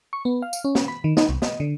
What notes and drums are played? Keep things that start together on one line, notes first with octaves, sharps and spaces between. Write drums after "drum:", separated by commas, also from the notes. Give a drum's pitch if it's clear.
C#6
B3
F5
drum: tambourine
C#4
drum: snare
B5
D#3
D#4, drum: snare
C2
D#5, drum: snare
D3